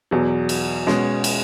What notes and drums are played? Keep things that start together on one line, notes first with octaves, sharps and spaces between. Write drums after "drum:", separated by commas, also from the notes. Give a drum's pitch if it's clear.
E2 B2 F#3
drum: cymbal
B2 G#3 C#4 F#4, drum: snare
drum: cymbal